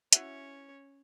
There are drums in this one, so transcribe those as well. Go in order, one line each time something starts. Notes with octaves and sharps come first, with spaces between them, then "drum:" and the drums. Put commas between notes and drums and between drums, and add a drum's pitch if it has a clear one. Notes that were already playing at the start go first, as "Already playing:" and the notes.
C#4 E4 F#4 C#5 E5, drum: hi-hat